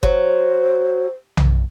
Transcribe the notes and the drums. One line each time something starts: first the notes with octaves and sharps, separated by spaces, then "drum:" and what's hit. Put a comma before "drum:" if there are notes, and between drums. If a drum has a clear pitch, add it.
F#3 C5, drum: kick G1
drum: tom B1